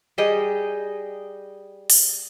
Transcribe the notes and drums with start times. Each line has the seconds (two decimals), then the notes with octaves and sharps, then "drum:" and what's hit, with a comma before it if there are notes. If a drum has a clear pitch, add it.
0.18 G3 G#4 D#5 G5
1.90 drum: open hi-hat